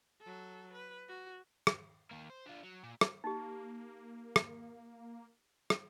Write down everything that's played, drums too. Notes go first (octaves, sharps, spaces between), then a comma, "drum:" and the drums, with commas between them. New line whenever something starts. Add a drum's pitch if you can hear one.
F#3 A4
B4
F#4
drum: rim click
D#3 A#3
C5
D4 F4
F#3
A#2
drum: rim click
A#3 D#4 G4
drum: rim click
drum: rim click